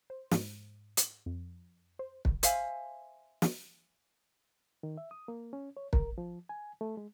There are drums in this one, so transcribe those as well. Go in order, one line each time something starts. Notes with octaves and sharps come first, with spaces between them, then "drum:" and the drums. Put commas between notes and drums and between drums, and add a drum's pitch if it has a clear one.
C5
G#2, drum: snare
drum: hi-hat
F2
C5
drum: kick
C5 E5 F5 G#5, drum: hi-hat
drum: snare
D#3
E5
D#6
A#3
C#4
C#5
A#4, drum: kick
F3
G#5
A3
G#3